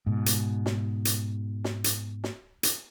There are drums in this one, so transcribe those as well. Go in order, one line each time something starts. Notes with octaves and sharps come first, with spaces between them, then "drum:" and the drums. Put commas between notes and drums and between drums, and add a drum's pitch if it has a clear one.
G#2 B2
drum: hi-hat
drum: snare
drum: hi-hat
drum: snare
drum: hi-hat
drum: snare
drum: hi-hat